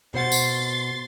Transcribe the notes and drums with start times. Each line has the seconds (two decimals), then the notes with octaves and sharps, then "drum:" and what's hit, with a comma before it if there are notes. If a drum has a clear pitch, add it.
0.14 B2 C5 F#5 C6 A6
0.32 drum: tambourine